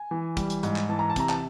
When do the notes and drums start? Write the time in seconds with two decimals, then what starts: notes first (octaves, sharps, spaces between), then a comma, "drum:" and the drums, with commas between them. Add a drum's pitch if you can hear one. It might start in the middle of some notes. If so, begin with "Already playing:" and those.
Already playing: G#5
0.11 E3
0.37 G3, drum: kick, hi-hat
0.50 drum: hi-hat
0.63 G#2, drum: hi-hat
0.76 drum: clap
0.89 E3 A5
0.99 A#5
1.10 A5
1.16 C3 A#5, drum: kick, hi-hat
1.29 A5, drum: clap